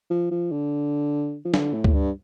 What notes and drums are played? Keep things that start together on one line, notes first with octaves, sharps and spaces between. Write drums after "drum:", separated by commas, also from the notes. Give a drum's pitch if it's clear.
F3
F3
D3
F3
D3, drum: snare
A2
drum: kick C#2
G2